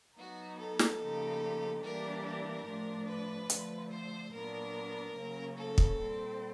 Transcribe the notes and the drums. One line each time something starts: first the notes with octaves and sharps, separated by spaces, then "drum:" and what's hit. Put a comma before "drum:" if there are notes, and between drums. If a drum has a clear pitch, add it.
F#3 B3 D#4 F#4
A4
drum: snare
C#3 F3 A#3 D#4 G4
E3 G3 A#3 D4 G4 A#4
A#4
A2 F3 A3 D4
B4
D3 F3 A3, drum: hi-hat
C5
A#2 F#3 B3 D4 A#4
C#3 F#3 A#3 C#4
A4
drum: kick
A#2 G3 C4